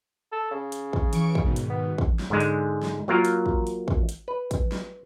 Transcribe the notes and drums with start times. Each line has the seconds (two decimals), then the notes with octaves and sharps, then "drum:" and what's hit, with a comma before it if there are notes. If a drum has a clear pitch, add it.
0.32 A4
0.51 C#3
0.72 drum: hi-hat
0.93 drum: kick
1.13 E3 C#6 D7, drum: hi-hat
1.35 drum: kick
1.45 G#2 B2 D#3
1.56 drum: hi-hat
1.70 B3
1.98 drum: kick
2.19 drum: snare
2.30 G#2 D3 G#3
2.40 drum: hi-hat
2.83 drum: snare
3.08 F#3 A#3 F4 A#4
3.25 drum: hi-hat
3.46 drum: kick
3.67 drum: hi-hat
3.88 drum: kick
4.09 drum: hi-hat
4.28 B4
4.51 drum: kick, hi-hat
4.72 drum: snare